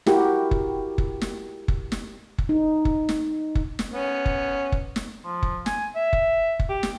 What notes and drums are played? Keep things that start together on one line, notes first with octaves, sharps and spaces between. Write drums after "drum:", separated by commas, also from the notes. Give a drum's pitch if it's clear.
E4 F#4 G4 A#4, drum: snare
drum: kick F#1
drum: kick F#1
drum: snare
drum: kick F#1
drum: snare
drum: kick F#1
D#4
drum: kick F#1
drum: snare
drum: kick F#1
drum: snare
B3 C#4
drum: kick F#1
drum: kick F#1
drum: snare
F3
drum: kick F#1
G#5, drum: snare
E5
drum: kick F#1
drum: kick F#1
G4
drum: snare